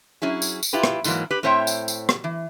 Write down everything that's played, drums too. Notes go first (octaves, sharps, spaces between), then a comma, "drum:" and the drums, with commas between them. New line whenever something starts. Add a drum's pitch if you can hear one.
F#3 C#4 E4 G#4
drum: tambourine
drum: tambourine
E4 F4 G4 B4
drum: rim click
G#2 D3 E3 F#3 A#3, drum: tambourine
G4 B4
A2 C4 C5 C#5 E5 G5
drum: tambourine
drum: tambourine
drum: rim click
E3